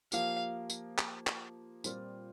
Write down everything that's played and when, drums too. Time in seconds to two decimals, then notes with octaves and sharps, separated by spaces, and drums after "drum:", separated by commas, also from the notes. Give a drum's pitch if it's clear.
0.12 F3 A#3 G4 F5, drum: tambourine
0.70 drum: tambourine
0.98 drum: clap
1.27 drum: clap
1.84 A#2 G3 C4 F4, drum: tambourine